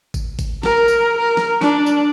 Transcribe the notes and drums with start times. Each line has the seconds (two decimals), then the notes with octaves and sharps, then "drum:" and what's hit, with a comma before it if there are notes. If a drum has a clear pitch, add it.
0.14 drum: kick G#1, tambourine
0.39 drum: kick G#1, tambourine
0.63 A#4, drum: snare
0.88 drum: tambourine
1.18 A#4
1.37 drum: snare
1.61 D4, drum: snare
1.86 drum: tambourine